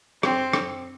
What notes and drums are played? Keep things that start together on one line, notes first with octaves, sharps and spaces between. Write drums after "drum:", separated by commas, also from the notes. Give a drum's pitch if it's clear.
C4, drum: rim click
drum: rim click